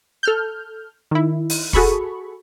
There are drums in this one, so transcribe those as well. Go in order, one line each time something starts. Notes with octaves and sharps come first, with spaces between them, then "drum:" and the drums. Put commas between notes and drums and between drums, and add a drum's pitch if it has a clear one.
A4 F6 G6
D#3 E4
drum: open hi-hat
F#4 G#4 A4 B5 C#6, drum: kick